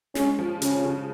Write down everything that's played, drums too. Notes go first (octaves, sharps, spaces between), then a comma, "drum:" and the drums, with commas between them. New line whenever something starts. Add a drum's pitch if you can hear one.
G#3 C#4, drum: snare
F3
C#3 C#4, drum: hi-hat
C#3